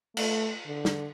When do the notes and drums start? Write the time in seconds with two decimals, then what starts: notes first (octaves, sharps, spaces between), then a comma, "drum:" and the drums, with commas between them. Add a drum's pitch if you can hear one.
0.17 A3, drum: cymbal
0.66 D3
0.85 drum: snare